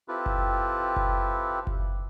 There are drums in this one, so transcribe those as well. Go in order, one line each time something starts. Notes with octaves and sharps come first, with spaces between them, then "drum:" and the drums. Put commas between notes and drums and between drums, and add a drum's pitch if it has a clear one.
C4 E4 F4 G4 A4 B4
drum: kick F#1
drum: kick F#1
drum: kick F#1